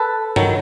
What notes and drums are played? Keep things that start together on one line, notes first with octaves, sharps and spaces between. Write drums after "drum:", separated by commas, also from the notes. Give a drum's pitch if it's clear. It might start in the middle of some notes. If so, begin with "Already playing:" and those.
Already playing: A4 B4
D#3 F#3, drum: tom G2